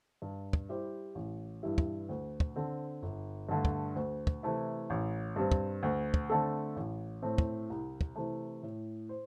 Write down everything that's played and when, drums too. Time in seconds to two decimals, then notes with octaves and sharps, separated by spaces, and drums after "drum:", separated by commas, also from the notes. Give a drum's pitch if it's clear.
0.22 G2
0.53 drum: kick
0.69 G3 E4 G4 C5
1.15 A1
1.63 G2 E3 G3 E4
1.78 drum: kick
2.09 D2
2.40 drum: kick
2.56 D3 C4 A4 C5
3.02 G1
3.49 G2 D3 A3
3.65 drum: kick
3.95 D2
4.27 drum: kick
4.43 C3 E3 A3 E4
4.90 A1
5.36 G2 G3 C4
5.52 drum: kick
5.83 D2
6.14 drum: kick
6.30 D3 A3 C4 A4
6.76 A1
7.22 A2 A3 C4
7.38 drum: kick
7.70 C2
8.01 drum: kick
8.16 C3 E3 A3
8.63 A2
9.09 C5